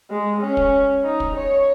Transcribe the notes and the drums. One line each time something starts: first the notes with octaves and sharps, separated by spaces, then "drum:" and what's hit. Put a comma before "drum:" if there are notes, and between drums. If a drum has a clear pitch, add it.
G#3
C#4
drum: kick
D#4
drum: kick
C#5